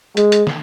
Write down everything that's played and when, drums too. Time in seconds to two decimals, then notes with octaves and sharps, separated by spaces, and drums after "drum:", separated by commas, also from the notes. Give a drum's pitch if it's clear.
0.17 G#3, drum: hi-hat
0.32 drum: hi-hat
0.47 drum: snare